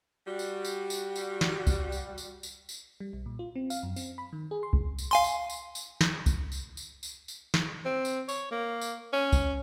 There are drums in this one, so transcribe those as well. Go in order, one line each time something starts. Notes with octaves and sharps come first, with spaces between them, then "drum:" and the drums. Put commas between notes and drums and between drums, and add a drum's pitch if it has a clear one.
G3 F#4
drum: tambourine
drum: tambourine
drum: tambourine
drum: tambourine
drum: snare
drum: kick C2, tambourine
drum: tambourine
drum: tambourine
drum: tambourine
drum: tambourine
G3
B1
A#2
F4
C4
F5, drum: tambourine
F#2
C4, drum: tambourine
B5
D#3
G#4
C6
drum: kick C2
drum: tambourine
F5 G#5 C6
drum: tambourine
drum: tambourine
drum: tambourine
drum: snare
drum: kick C2, tambourine
drum: tambourine
drum: tambourine
drum: tambourine
drum: tambourine
drum: snare
C4
drum: tambourine
C#5, drum: tambourine
A#3
drum: tambourine
C#4
drum: kick C2, tambourine